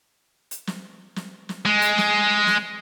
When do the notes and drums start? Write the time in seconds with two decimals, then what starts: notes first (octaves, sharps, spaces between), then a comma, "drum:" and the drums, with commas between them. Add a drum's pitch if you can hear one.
0.51 drum: hi-hat
0.67 drum: snare
1.16 drum: snare
1.49 drum: snare
1.65 G#3
1.82 drum: hi-hat
1.98 drum: snare
2.47 drum: snare